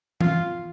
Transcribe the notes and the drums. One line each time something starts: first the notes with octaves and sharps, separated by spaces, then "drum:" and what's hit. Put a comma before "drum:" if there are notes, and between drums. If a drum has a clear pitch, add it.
F4, drum: tom E3